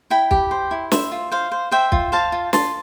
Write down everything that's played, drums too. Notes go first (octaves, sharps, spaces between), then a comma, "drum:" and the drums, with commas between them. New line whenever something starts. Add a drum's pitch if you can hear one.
E4 G5 B5
G4, drum: kick
C5
E4
C5 E5, drum: snare
F4
C5 F5
C5
C5 E5 G5
F4, drum: kick
C5 F5 A5
F4
F4 A5 C6, drum: snare